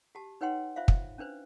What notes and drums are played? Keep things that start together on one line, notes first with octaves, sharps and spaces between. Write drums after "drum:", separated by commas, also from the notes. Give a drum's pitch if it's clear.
F#4 G4 A5
D#4 B4 C#5 F#5 G5 C6
F4 C5 E5 F5
drum: kick
C#4 D4 B4 C5